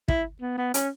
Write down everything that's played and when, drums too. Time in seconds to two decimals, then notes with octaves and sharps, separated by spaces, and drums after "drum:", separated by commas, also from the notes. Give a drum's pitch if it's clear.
0.08 E4, drum: kick
0.41 B3
0.58 B3
0.74 C#4, drum: hi-hat